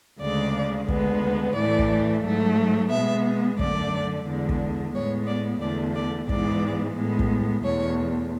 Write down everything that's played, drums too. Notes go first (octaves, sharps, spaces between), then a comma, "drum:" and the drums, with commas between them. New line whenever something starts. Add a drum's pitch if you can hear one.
D2 C#3 G#3 D5
D2 D3 G#3 B3, drum: kick
A2 E3 A3 D5
drum: kick
G#2 F#3 A3
B2 G#3 B3 E5
F#2 D3 A3 D5, drum: kick
E2 D3 G#3
drum: kick
A2 G#3 B3 C#5
D5
E2 D3 A3 D5
D5
G#2 E3 G#3 B3 D5, drum: kick
A2 G#3 B3
drum: kick
E2 B2 A3 C#5